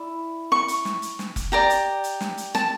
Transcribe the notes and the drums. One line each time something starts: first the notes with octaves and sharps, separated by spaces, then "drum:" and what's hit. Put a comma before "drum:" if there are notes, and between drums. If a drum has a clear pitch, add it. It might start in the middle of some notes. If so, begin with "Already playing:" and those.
Already playing: E4 D5
C#6
drum: hi-hat
drum: snare
drum: hi-hat
drum: snare
drum: kick F1, hi-hat
G4 D5 A#5
drum: hi-hat
drum: hi-hat
drum: snare
drum: hi-hat
A5, drum: snare